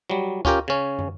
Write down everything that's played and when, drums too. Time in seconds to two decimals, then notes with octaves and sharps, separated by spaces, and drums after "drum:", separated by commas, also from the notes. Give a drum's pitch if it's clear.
0.10 F#3 G3
0.45 C#4 F4 G4 A#4 G5, drum: kick D2
0.68 C#3 C#4
0.99 drum: tom